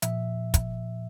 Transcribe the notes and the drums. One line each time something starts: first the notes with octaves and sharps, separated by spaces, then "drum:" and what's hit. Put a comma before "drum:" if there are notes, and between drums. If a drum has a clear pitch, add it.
A#2 F3 E5, drum: hi-hat
drum: kick, hi-hat